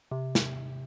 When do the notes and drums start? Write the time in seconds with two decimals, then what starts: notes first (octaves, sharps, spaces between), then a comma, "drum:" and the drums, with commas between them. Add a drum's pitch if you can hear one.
0.11 C3
0.35 drum: snare